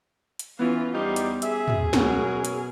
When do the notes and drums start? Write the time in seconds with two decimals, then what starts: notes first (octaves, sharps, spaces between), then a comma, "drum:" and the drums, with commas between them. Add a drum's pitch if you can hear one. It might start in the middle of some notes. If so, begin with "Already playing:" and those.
0.39 drum: hi-hat
0.59 E3 B3 C#4 F4
0.94 E2 G3 D#4 F4 G4 C5
1.16 drum: hi-hat
1.42 G#4 E5, drum: hi-hat
1.68 drum: tom
1.93 F#2 B2 F#3 A#4, drum: snare
2.45 drum: hi-hat